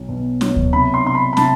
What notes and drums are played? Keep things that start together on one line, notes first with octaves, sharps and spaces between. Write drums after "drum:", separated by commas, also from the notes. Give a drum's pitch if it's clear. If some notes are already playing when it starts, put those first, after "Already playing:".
Already playing: B1 F#3
B2
F#3, drum: snare
drum: kick D2
C3 B5
C6
C3 C6
B5
B5
C3 A5, drum: snare